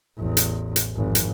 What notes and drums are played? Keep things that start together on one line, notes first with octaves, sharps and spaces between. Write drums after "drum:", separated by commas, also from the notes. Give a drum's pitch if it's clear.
A1 E2
drum: hi-hat
drum: hi-hat
G#1 F2
drum: hi-hat